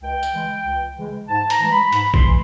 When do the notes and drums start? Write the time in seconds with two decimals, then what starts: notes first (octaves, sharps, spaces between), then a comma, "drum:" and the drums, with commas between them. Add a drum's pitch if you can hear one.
0.02 C#2 G5
0.23 drum: tambourine
0.34 C#3 E3 G#3
0.66 C#2
0.97 C#3 E3 G#3
1.28 G#2 A5
1.50 A#5, drum: hi-hat
1.61 E3 G#3
1.71 B5
1.92 G#2 B5, drum: hi-hat
2.14 C6, drum: kick
2.24 E3 G#3